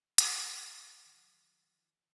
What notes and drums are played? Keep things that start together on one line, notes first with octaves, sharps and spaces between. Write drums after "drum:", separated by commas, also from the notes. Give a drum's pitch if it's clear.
G3, drum: hi-hat
D#3 F3 F#3